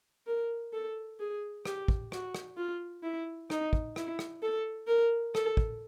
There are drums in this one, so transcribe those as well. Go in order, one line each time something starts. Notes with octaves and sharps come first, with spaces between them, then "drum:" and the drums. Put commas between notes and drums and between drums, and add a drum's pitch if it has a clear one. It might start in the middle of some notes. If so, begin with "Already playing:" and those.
A#4
A4
G#4
G4, drum: rim click
drum: kick
F#4, drum: rim click
drum: rim click
F4
E4
D#4, drum: rim click
drum: kick
E4, drum: rim click
drum: rim click
A4
A#4
A4, drum: rim click
drum: kick